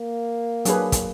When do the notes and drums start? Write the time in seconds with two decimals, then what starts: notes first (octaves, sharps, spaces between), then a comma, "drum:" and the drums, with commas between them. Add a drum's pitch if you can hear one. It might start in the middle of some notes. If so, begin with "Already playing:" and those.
Already playing: A#3
0.65 F#3 D4 G#4 B4, drum: hi-hat
0.92 drum: kick, hi-hat